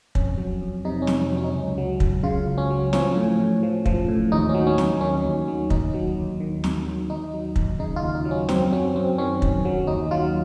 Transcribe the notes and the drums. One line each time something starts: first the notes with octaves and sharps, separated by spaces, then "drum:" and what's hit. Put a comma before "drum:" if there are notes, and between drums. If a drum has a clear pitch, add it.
F2 C#4, drum: kick
F#3
F2
C3 D#4
C#4
F2, drum: snare
C#4
F#3
C#4
D#4
C#2 C#4
F#3
C#2, drum: kick
C#3 F4
C#2
C#4
F#3
F3 C#4, drum: snare
A2
A2
F3
F3, drum: kick
A2
D#2 D#4
C#4
F#3
C#4
D#2, drum: snare
D#3 C#4
D#2
F#3
D#2 D#4, drum: kick
F#3
D#2
D#3
D#2, drum: snare
F#3
D#2 D#4
F#3
D#2, drum: kick
C#3 D#4
F4
D#2
D#4
F#3
C#4
F#2 C4, drum: snare
F#3 C#4
F#2 C4
D#3 C#4
F#2, drum: kick
F#3
D#2 D#4
F#3 F4